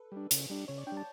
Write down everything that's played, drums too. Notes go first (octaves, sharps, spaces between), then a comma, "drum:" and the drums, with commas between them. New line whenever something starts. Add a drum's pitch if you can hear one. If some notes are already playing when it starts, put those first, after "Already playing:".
Already playing: A4 B4
G3 D4
C#3, drum: hi-hat
G3 D4
C#3 C#5
D5
D4 G5
G3
A5